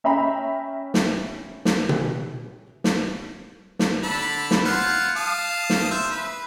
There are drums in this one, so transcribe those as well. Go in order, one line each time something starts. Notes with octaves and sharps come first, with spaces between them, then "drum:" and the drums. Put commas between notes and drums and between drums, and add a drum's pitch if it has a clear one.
C#4 E5 G5 A#5 B5
drum: snare
drum: snare
drum: tom B2
drum: snare
drum: snare
D3 A5 B5
drum: snare
F4 C5 F#5
F5 A5 D#6
drum: snare
C5 E5
B4